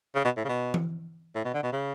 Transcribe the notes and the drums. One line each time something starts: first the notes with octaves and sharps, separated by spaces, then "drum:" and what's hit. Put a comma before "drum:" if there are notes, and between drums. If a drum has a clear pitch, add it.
C#3
B2
A2
C#3
B2
drum: tom E3
A2
B2
D3
B2
C#3